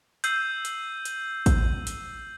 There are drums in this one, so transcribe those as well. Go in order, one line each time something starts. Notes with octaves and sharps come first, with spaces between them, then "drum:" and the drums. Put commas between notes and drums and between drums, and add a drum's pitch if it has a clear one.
E6 G6 C7 D#7 F#7, drum: hi-hat
drum: hi-hat
drum: hi-hat
drum: kick, hi-hat
drum: hi-hat